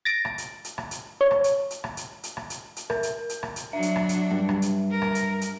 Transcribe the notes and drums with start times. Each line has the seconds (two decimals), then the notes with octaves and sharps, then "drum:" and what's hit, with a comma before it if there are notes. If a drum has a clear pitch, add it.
0.05 A6 A#6 D7
0.25 drum: rim click
0.38 drum: hi-hat
0.64 drum: hi-hat
0.78 drum: rim click
0.91 drum: hi-hat
1.21 C#5
1.31 drum: rim click
1.44 drum: hi-hat
1.70 drum: hi-hat
1.84 drum: rim click
1.97 drum: hi-hat
2.23 drum: hi-hat
2.37 drum: rim click
2.50 drum: hi-hat
2.76 drum: hi-hat
2.90 A#4, drum: rim click
3.03 drum: hi-hat
3.29 drum: hi-hat
3.43 drum: rim click
3.56 drum: hi-hat
3.73 F#3 D4 E5
3.82 drum: hi-hat
3.96 drum: rim click
4.09 drum: hi-hat
4.31 G2
4.49 drum: rim click
4.62 drum: hi-hat
4.91 A#4
5.02 drum: rim click
5.15 drum: hi-hat
5.41 drum: hi-hat